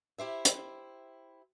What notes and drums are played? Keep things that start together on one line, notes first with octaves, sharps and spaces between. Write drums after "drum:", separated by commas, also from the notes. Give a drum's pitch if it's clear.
E4 G4 C5 E5
drum: hi-hat